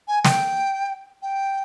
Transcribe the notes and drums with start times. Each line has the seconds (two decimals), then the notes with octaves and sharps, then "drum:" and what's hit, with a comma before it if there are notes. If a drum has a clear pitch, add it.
0.08 G#5
0.25 G5, drum: snare
1.22 G5